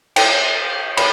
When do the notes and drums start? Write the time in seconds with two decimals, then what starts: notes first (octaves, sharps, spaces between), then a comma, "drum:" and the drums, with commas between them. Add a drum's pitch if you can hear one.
0.16 G5, drum: cymbal
0.97 B5, drum: cymbal